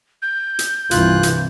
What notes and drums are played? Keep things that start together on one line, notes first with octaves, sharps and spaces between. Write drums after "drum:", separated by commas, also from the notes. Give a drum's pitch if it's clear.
G6
drum: hi-hat
C2 G2 E3 F4 F#6, drum: hi-hat
drum: hi-hat